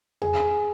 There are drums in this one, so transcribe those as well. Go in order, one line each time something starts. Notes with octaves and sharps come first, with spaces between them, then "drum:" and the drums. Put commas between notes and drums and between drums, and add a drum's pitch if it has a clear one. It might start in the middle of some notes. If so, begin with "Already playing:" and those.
G#4, drum: tom E2